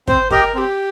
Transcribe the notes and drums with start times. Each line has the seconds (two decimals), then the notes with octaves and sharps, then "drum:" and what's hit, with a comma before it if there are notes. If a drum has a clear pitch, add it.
0.08 C4 C5, drum: kick
0.31 G4 A#4 D#5 G5, drum: kick
0.54 C4 G4 A#4